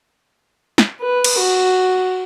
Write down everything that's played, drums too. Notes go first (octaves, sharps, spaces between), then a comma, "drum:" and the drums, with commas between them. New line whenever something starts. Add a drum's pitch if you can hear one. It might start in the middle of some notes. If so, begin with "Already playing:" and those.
drum: snare
B4
drum: cymbal
F#4